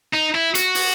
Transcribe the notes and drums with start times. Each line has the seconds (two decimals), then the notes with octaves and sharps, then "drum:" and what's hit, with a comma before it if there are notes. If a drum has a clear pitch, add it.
0.13 D#4
0.34 E4
0.55 F#4, drum: hi-hat
0.75 drum: open hi-hat